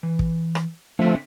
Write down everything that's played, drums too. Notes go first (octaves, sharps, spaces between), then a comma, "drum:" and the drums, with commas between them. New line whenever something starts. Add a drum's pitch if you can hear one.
E3
drum: kick
drum: rim click
D3 F3 A3 C4 E5